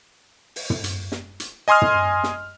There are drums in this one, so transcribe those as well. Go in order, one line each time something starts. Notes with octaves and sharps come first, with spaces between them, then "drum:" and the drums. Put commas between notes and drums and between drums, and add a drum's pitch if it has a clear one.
drum: open hi-hat
drum: tom
drum: hi-hat
drum: snare
drum: hi-hat
D#5 G#5 C6 D#6 F6
drum: tom
drum: snare